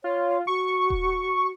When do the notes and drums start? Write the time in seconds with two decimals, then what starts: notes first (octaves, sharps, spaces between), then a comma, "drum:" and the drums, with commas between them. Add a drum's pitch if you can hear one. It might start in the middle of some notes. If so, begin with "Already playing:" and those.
0.04 F4 C#5
0.47 F#4 C#6
0.90 drum: kick D#1